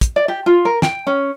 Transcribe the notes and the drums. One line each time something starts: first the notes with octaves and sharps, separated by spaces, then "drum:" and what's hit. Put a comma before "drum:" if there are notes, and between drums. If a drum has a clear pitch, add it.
drum: kick, hi-hat
D5
G4
F4
A#4
G5, drum: snare
C#4